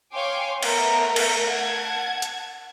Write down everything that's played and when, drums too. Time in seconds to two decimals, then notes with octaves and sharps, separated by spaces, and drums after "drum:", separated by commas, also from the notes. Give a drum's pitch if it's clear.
0.13 C#5 F5 G5 G#5 C6 D6
0.63 A3 B3 A#4, drum: cymbal
1.16 drum: cymbal
1.48 F#5 A5 G#6
2.22 drum: hi-hat